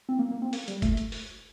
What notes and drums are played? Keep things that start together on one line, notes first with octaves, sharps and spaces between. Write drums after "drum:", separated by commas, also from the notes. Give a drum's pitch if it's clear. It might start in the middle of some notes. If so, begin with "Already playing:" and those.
C4
A#3
A#3
C4
A#3, drum: open hi-hat
G3, drum: hi-hat
A3, drum: kick F#1, hi-hat
drum: hi-hat
drum: open hi-hat